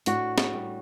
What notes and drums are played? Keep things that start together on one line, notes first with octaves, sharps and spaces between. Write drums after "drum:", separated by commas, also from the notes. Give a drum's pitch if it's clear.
A2 D4 F#4, drum: hi-hat
drum: snare
G3